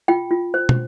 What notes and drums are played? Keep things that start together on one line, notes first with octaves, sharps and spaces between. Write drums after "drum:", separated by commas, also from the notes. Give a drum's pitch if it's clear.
F4 G5
F4
C5
drum: tom